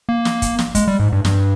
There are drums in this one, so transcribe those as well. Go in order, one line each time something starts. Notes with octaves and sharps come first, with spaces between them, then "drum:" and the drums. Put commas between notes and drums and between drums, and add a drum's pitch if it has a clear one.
A#3
drum: snare
drum: kick, hi-hat
drum: snare
G#3, drum: kick, hi-hat
G3
G#2
G2
G2, drum: snare